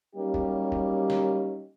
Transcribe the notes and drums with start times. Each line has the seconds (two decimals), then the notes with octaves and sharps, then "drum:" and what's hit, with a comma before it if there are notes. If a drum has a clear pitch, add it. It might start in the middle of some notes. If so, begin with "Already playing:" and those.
0.15 F#3 G3 A#3 C#4 D#4 G4
0.34 drum: kick
0.72 drum: kick
1.10 drum: snare